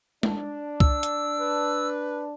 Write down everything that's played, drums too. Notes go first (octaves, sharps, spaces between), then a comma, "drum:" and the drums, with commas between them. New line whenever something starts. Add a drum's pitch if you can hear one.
D4, drum: tom G#3
E6, drum: kick C2
drum: hi-hat
B4